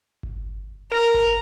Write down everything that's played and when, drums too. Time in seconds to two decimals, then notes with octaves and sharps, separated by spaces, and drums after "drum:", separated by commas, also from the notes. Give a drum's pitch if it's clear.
0.23 drum: kick G1
0.92 A#4 A#5
1.14 drum: kick G1